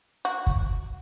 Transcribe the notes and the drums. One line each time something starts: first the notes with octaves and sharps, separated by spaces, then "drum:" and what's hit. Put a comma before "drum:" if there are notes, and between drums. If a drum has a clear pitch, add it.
F#4
drum: kick